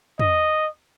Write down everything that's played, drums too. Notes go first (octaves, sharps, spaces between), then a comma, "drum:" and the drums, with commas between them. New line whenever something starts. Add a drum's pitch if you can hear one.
D#5, drum: tom